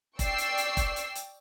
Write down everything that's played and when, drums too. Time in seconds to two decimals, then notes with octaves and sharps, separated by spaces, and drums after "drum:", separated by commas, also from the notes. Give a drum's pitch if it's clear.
0.19 D5 G5 C#6 E6 C7, drum: kick F1, hi-hat
0.38 drum: hi-hat
0.58 drum: hi-hat
0.77 drum: kick F1, hi-hat
0.96 drum: hi-hat
1.15 drum: hi-hat